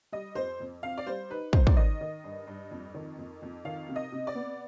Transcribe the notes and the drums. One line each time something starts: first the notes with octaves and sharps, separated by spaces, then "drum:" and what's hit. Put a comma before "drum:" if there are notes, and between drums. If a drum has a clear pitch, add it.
G3 D#5
F2 C5
F2
C4 F5
D5
G3 C5
D#4 B4
G#2 C5, drum: kick
D5, drum: kick
D#3 D#5
D#3
G2
G2
F2
D#3
F2
F2
D#3 F5
C3
D#5
C3
D5
B3